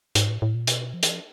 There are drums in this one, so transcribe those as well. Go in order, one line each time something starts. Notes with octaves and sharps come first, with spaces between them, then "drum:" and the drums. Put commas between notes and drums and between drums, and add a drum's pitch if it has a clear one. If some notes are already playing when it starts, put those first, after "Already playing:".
G#2, drum: hi-hat
A2
A2
A#2
B2, drum: hi-hat
F3
E3, drum: hi-hat
F3